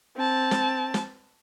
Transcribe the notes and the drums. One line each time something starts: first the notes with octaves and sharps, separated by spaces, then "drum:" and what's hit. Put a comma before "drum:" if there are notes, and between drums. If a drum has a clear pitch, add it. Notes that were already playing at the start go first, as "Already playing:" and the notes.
C4 A5
drum: snare
drum: snare